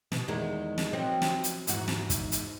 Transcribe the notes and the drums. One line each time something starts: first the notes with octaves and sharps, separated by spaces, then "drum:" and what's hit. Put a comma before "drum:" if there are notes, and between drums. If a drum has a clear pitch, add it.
B2, drum: snare
E2 D#3 G#3
drum: snare
F3 F#3 C4
drum: snare
drum: hi-hat
E2 G#2 F#4, drum: hi-hat
drum: snare
drum: kick, hi-hat
drum: hi-hat